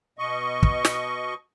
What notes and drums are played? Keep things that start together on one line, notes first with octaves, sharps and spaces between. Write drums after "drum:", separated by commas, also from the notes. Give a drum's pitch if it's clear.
B2 D#5 C#6
drum: kick
drum: snare